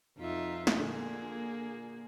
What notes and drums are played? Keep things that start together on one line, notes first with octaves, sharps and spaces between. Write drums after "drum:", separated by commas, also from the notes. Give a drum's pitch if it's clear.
F2 D#4 F4 E5
drum: snare
A#2 D3 A#3 G#4